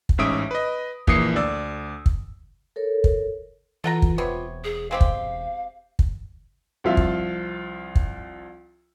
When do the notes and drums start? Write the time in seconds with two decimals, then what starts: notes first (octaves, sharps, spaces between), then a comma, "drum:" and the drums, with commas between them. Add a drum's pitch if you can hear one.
0.09 drum: kick
0.18 A1 G#2 C#4 E5 D#6 D7
0.51 B4 D#5
1.07 A#1 E3 A#3 D#6 C7 C#7, drum: kick
1.36 D2 D5 E6
2.06 drum: kick
2.76 A4 A#4 C#5
3.04 drum: kick
3.84 E3 F4 A4 F#5 A#5
4.02 drum: kick
4.18 E1 C3 B3 C#5
4.64 G#4
4.91 G#3 C4 G4 F5
5.01 drum: kick
5.99 drum: kick
6.84 C2 F3 F4 E5 F5
6.97 drum: kick
7.95 drum: kick